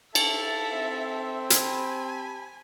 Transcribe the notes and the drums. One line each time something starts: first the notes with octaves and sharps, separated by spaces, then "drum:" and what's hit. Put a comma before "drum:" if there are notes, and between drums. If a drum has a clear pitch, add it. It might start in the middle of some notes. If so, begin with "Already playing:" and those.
E4 A4 E5 F5 A5, drum: cymbal
C4
G4 G#5 A5 B5, drum: hi-hat